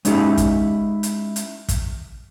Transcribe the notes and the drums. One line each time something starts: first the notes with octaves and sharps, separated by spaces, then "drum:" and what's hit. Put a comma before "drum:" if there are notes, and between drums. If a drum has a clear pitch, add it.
G#3 C#4 D#4 E4 G4 F5, drum: hi-hat
drum: kick, hi-hat
drum: hi-hat
drum: hi-hat
drum: kick, hi-hat